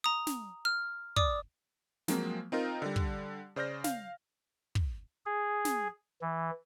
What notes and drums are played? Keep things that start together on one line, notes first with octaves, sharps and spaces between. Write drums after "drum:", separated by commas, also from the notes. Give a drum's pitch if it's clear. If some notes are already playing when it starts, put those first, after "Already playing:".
A#5 D#6
drum: snare
F6
D5 D6 D#6, drum: kick
F3 F#3 G#3 A#3 C4, drum: snare
C4 D#4 F4 A#4
D3 G3
drum: kick
C#3 C5 D5 F6 G6 A#6
F5, drum: snare
drum: kick
G#4
drum: snare
E3